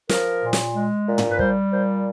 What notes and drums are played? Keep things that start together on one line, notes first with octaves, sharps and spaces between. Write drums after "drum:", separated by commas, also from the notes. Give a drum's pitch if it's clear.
F3 A#4, drum: snare
A#2
drum: snare
G#3
A#2
drum: tom
B4
G3 C5, drum: kick
A#2 C5